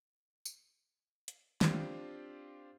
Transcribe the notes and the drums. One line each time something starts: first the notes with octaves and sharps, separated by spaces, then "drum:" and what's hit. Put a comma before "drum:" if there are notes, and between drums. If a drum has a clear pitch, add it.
drum: tambourine
drum: hi-hat
C4 D4 F4 G4 C5, drum: snare